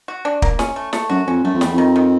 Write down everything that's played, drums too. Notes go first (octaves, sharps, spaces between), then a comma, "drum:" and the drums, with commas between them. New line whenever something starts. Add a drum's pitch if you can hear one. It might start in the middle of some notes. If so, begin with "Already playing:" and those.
F#4
D4
A#3, drum: kick
C#4, drum: snare
A3
A3, drum: snare
F#2 F#4
F2 C#4
F#2 A3
F2
E2 G3, drum: snare
F2
D#3
D#3